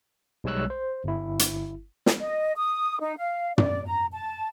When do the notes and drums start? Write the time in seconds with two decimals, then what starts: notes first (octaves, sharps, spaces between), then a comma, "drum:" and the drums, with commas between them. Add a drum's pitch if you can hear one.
0.44 B1 G3 G#3 C#5 E6 F#6
0.70 C5
1.04 G1 E4
1.39 drum: hi-hat
2.06 drum: snare
2.20 D#5
2.55 D#6
3.00 D#4
3.18 F5
3.58 D5, drum: tom
3.85 A#5
4.13 A5